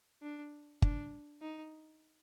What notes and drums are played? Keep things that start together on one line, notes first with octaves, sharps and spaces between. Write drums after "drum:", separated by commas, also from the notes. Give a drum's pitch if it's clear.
D4
D4, drum: kick G1
D#4